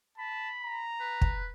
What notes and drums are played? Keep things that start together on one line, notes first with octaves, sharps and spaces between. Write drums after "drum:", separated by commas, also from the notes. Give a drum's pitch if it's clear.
A5 B5
A#5
B4
drum: kick